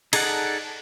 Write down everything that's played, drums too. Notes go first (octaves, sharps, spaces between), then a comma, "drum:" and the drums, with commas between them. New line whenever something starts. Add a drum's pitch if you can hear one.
D#4 G#4 A4 D5 F#5, drum: cymbal